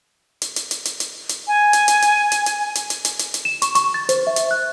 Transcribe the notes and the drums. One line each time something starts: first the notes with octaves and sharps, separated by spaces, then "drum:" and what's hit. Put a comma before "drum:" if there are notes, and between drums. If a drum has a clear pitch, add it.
drum: hi-hat
drum: hi-hat
drum: hi-hat
drum: hi-hat
drum: hi-hat
drum: hi-hat
G#5
drum: hi-hat
drum: hi-hat
drum: hi-hat
drum: hi-hat
drum: hi-hat
drum: hi-hat
drum: hi-hat
drum: hi-hat
drum: hi-hat
drum: hi-hat
E7
C#6, drum: hi-hat
C#6, drum: hi-hat
A6
C5, drum: hi-hat
E5
drum: hi-hat
F#6